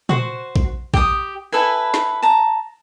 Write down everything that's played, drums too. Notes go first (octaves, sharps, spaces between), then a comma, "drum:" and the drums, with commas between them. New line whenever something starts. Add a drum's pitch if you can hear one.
F#4 C5, drum: tom A#2
drum: kick A#1
G4 D#6, drum: kick A#1
E4 A4 B4 G#5
drum: snare
A5 A#5